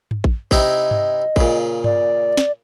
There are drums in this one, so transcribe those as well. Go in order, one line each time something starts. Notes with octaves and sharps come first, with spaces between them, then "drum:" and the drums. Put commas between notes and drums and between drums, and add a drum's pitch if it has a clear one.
drum: tom G2
drum: kick A1
C3 D#4 E4 D#5, drum: kick A1
drum: tom G2
A#2 C#3, drum: kick A1
D5, drum: tom G2
drum: snare